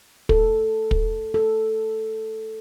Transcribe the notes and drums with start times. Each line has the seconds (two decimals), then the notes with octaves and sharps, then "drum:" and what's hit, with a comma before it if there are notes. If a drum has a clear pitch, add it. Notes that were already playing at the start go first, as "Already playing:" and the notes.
0.29 A4, drum: kick
0.91 drum: kick
1.34 A4